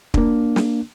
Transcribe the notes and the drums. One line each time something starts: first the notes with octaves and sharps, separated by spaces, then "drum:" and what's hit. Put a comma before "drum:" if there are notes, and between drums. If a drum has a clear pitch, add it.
A#3 D4, drum: kick
drum: snare